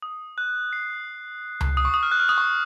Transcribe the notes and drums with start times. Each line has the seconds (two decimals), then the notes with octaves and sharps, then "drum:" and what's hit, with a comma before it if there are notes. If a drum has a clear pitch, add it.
0.02 D#6
0.38 F#6
0.73 C7
1.61 drum: tom C#2
1.77 D#6
1.85 C#6
1.94 D#6
2.03 F6
2.11 F#6
2.20 F6
2.29 D#6
2.38 C#6